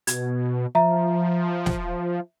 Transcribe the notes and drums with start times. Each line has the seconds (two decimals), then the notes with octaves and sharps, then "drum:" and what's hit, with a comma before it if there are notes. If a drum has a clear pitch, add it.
0.07 B2 G#6, drum: hi-hat
0.75 F3 E5 A#5
1.66 drum: snare